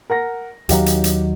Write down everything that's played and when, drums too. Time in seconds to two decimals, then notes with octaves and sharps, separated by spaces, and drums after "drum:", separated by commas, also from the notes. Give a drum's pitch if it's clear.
0.10 A#4 F#5 A#6
0.69 D#2 D#3 F#3 G4 F5 F#5, drum: hi-hat
0.86 drum: hi-hat
1.04 drum: hi-hat